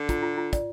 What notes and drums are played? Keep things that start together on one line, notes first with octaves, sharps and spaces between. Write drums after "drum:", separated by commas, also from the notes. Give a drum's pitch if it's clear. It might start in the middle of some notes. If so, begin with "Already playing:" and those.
Already playing: D3
F4, drum: kick, hi-hat
F4
F4
D5, drum: kick, hi-hat